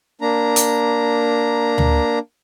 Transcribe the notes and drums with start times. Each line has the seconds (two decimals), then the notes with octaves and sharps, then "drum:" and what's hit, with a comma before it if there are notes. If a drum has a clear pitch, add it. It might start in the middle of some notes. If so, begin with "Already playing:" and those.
0.21 A#3 D4 A#5
0.56 drum: hi-hat
1.78 drum: tom D2